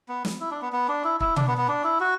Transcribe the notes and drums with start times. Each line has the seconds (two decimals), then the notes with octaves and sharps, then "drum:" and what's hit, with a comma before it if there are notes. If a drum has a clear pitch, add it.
0.08 B3
0.25 drum: snare
0.40 E4
0.51 D4
0.62 B3
0.73 B3
0.89 D4
1.04 E4
1.20 E4, drum: kick
1.36 D4, drum: tom B2
1.47 B3
1.58 B3
1.68 D4
1.84 E4
2.00 F#4